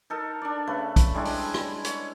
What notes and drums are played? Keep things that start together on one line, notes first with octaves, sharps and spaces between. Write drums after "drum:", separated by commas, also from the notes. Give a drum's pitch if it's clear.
D#4 A4 A#4
D4 D5
C#3 A3 B4
drum: kick, hi-hat
G3 G#3 D4 E4
drum: open hi-hat
drum: rim click
C#5, drum: hi-hat